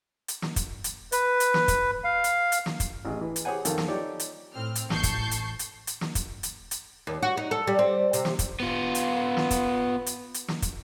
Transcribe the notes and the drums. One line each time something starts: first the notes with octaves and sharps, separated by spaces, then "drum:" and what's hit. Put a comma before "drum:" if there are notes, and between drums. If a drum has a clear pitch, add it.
drum: hi-hat
drum: snare
drum: kick, hi-hat
drum: hi-hat
B4, drum: hi-hat
drum: hi-hat
drum: snare
drum: kick, hi-hat
F5
drum: hi-hat
drum: hi-hat
drum: snare
drum: kick, hi-hat
A1 A2 G#4 D#5
E3
drum: hi-hat
G4 G#4 C5 C#5 F#5 G#5
F2 D#3 A4 F5 G#5 A5, drum: hi-hat
drum: snare
D#4 F4 G4 A4 C#5 D5
drum: hi-hat
A2 C4 F6
drum: hi-hat
A1 A5 C#6 G6 C7, drum: snare
drum: kick, hi-hat
drum: hi-hat
drum: hi-hat
drum: hi-hat
drum: snare
drum: kick, hi-hat
drum: hi-hat
drum: hi-hat
D#2
F#4
D#4
A4
G3
C4
C3, drum: hi-hat
drum: snare
drum: kick, hi-hat
B3 F4
drum: hi-hat
drum: snare
drum: kick, hi-hat
drum: hi-hat
drum: hi-hat
drum: snare
drum: kick, hi-hat